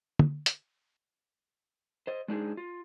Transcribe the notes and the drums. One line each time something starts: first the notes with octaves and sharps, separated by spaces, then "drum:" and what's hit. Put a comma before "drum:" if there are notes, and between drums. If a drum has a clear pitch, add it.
drum: tom
drum: hi-hat
C5 D#5
G#3 D4 D#4 G#4
F4